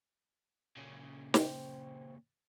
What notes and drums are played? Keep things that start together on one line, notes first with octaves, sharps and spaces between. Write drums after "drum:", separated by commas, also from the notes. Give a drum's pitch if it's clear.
A#2 C#3
C5 G5, drum: snare